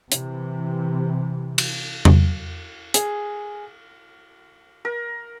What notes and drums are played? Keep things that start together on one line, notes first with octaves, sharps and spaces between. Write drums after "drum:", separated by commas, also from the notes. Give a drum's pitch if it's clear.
C3 E3, drum: hi-hat
drum: cymbal
drum: tom
G#4, drum: hi-hat
A#4